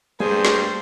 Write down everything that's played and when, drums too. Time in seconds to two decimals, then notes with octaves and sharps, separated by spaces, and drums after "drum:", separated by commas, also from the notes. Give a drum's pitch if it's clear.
0.20 G2 G3 A3 A#3 G#4 C5
0.45 drum: snare